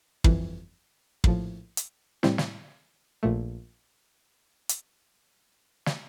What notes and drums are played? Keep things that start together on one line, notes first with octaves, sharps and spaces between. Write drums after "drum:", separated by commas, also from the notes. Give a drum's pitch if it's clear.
G1 F2 E3, drum: kick
A#1 A2 F3, drum: kick
drum: hi-hat
A2 G3 C4 E4, drum: snare
drum: snare
A#1 A#2 A3
drum: hi-hat
drum: snare